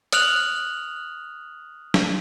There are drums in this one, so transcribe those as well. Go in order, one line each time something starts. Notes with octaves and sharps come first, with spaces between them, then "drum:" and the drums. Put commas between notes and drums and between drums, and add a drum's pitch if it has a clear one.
D#6 F6 F#6 F7 F#7, drum: hi-hat
drum: snare